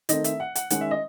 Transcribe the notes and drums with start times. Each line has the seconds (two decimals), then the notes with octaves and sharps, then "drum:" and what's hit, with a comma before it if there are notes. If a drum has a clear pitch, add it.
0.09 D#3 A3 C4 D#5, drum: hi-hat
0.24 E5, drum: hi-hat
0.40 F#5
0.55 F#5, drum: hi-hat
0.70 D#3 G#3 C#4 F#5, drum: hi-hat
0.81 E5
0.91 D#5